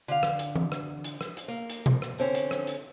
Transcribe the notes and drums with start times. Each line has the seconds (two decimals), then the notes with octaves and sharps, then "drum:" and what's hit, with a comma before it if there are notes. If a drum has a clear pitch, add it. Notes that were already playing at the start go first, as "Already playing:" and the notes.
0.08 D3 F5
0.23 drum: rim click
0.39 drum: hi-hat
0.55 drum: tom E3
0.72 drum: rim click
1.04 drum: hi-hat
1.21 drum: rim click
1.37 drum: hi-hat
1.48 A#3
1.70 drum: hi-hat
1.86 drum: tom B2
2.02 drum: rim click
2.18 D3 C4 C#4
2.35 drum: hi-hat
2.51 drum: rim click
2.67 drum: hi-hat